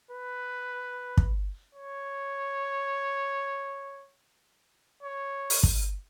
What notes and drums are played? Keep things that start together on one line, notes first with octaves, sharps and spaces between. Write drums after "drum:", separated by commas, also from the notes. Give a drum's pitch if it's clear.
B4
drum: kick
C#5
C#5
drum: open hi-hat
drum: kick